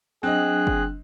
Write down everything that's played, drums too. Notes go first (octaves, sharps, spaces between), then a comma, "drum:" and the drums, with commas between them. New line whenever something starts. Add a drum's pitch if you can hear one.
F#3 C4 D4 G#4 D#5 F#6
drum: kick F#1